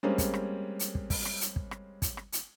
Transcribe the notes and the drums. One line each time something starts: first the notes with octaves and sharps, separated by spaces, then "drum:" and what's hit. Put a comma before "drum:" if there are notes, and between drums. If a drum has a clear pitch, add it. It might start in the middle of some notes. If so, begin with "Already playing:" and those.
G3 G#3 A#3 C4 C#4
drum: kick, hi-hat
drum: rim click
drum: hi-hat
drum: kick
drum: kick, open hi-hat
drum: rim click
drum: hi-hat
drum: kick
drum: rim click
drum: kick, hi-hat
drum: rim click
drum: hi-hat